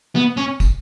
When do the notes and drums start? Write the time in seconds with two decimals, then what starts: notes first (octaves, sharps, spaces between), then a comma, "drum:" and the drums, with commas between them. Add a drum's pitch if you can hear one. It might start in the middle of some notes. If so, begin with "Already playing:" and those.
0.15 B3
0.37 C#4
0.60 drum: kick, tambourine